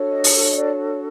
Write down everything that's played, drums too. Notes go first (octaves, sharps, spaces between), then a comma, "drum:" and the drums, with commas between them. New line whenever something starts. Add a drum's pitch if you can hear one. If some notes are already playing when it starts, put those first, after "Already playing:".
Already playing: D4 F#4 A4 C#5
D#5
drum: open hi-hat
D#5
D5